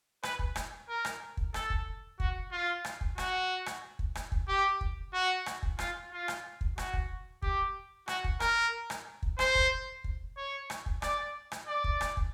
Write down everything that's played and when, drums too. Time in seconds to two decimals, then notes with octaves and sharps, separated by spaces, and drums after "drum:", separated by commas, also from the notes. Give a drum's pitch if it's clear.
0.23 B4, drum: rim click
0.39 drum: kick
0.56 drum: rim click
0.89 A#4
1.05 drum: rim click
1.37 drum: kick
1.54 A4, drum: rim click
1.70 drum: kick
2.20 F#4, drum: kick
2.52 F4
2.85 drum: rim click
3.01 drum: kick
3.18 F#4, drum: rim click
3.66 drum: rim click
3.99 drum: kick
4.15 drum: rim click
4.32 drum: kick
4.48 G4
4.81 drum: kick
5.13 F#4
5.46 drum: rim click
5.63 drum: kick
5.79 F4, drum: rim click
6.12 F4
6.28 drum: rim click
6.61 drum: kick
6.78 F#4, drum: rim click
6.94 drum: kick
7.42 G4, drum: kick
8.08 F#4, drum: rim click
8.24 drum: kick
8.40 A#4, drum: rim click
8.90 drum: rim click
9.23 drum: kick
9.39 C5, drum: rim click
9.55 drum: kick
10.04 drum: kick
10.37 C#5
10.70 drum: rim click
10.86 drum: kick
11.02 D5, drum: rim click
11.52 drum: rim click
11.67 D5
11.84 drum: kick
12.01 drum: rim click
12.17 drum: kick